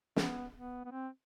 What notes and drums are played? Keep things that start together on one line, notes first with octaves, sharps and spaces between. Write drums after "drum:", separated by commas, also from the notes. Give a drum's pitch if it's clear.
C4, drum: snare
B3
B3
B3
C4